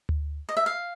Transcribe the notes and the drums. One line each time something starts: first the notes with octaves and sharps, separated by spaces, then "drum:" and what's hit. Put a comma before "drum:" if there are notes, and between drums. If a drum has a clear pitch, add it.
drum: tom D2
D#5
E5
F5